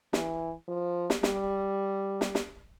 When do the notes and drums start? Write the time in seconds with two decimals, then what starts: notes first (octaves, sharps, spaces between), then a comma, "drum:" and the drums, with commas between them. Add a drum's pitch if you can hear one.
0.13 E3, drum: snare
0.68 F3
1.10 drum: snare
1.23 G3, drum: snare
2.21 drum: snare
2.35 drum: snare